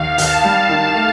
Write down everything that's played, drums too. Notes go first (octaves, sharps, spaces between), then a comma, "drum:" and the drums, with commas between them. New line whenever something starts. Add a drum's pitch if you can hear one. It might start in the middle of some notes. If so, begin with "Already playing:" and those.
Already playing: D#2 D#3 F5
D#2 A5, drum: hi-hat
G3
D#3
A3